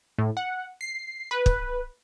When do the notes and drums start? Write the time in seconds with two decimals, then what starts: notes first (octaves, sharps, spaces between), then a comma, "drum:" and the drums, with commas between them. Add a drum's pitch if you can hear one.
0.18 A2
0.37 F#5
0.81 C7
1.31 B4
1.46 drum: kick